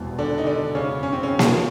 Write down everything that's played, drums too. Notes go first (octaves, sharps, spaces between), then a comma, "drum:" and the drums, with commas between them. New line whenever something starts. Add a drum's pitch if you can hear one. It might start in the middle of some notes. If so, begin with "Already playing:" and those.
Already playing: E1 E2 C3
D3 D4
D#4
D3 D4
C#3 C#4
C#4
C4
C#3 C#4
drum: snare A#3